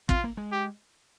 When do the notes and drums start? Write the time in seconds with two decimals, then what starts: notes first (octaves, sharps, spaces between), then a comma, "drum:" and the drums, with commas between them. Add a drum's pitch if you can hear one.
0.09 C4 F4, drum: kick
0.24 A#3
0.37 G#3
0.52 G4